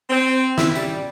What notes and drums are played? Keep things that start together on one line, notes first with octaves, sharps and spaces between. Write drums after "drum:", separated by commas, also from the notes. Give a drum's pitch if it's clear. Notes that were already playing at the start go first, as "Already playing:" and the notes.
C4
E4, drum: snare
G3, drum: tambourine